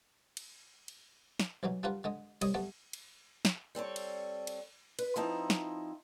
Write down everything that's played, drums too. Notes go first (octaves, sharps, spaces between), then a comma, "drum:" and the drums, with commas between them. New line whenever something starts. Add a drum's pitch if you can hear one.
drum: cymbal
drum: cymbal
drum: snare
B1 E3 F#3 D#4
G3 D4 F4 A#4 B4 F#5
D3 G#3 D#5
C2 G3 C#5 D#5 D#6, drum: cymbal
G3 A3 B3
drum: cymbal
drum: snare
G3 C4 A4 C#5
drum: cymbal
drum: cymbal
B4, drum: cymbal
F3 C4 D#4 E4 A5 A#5
drum: snare